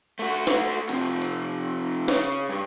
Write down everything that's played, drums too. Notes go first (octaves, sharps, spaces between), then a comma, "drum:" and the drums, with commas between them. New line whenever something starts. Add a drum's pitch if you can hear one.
A3 F#4
drum: snare
F2 C3, drum: hi-hat
drum: hi-hat
C#3, drum: snare
G2